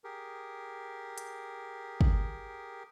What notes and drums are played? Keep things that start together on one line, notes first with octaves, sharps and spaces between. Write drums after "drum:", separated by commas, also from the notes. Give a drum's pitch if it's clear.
G4 G#4 A#4
drum: hi-hat
drum: kick